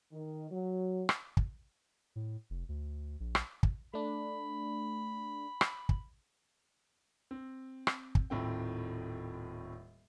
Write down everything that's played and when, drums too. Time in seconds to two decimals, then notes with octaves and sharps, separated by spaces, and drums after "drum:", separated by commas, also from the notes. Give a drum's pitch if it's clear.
0.12 D#3
0.51 F#3
1.09 drum: rim click
1.37 drum: kick
2.16 A2
2.50 F1
2.69 D2
3.20 A#1
3.35 drum: rim click
3.63 drum: kick
3.94 A3 D4 B5
5.61 drum: rim click
5.89 drum: kick
7.31 C4
7.87 drum: rim click
8.15 drum: kick
8.30 D#1 A2 C4 G5